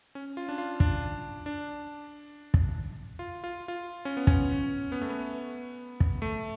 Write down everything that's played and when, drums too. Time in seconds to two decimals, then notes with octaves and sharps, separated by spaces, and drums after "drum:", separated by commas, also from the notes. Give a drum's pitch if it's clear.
0.15 C#4
0.37 F4
0.49 D4
0.58 F4
0.80 D4, drum: kick
1.46 D4
2.54 drum: kick
3.19 F4
3.44 F4
3.68 F4
4.05 C#4
4.17 B3
4.27 C#4, drum: kick
4.92 B3
5.02 A3
5.09 B3
6.00 drum: kick
6.22 A3